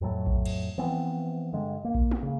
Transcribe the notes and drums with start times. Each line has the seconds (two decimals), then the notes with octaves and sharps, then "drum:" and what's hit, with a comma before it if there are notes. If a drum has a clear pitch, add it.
0.01 F2 A2 F#3 A3
0.26 drum: kick A#1
0.45 drum: cymbal
0.78 E3 F3 B3 C4
1.53 G2 D3 G#3
1.85 A#3
1.94 drum: kick A#1
2.11 drum: tom
2.23 C#3 A#3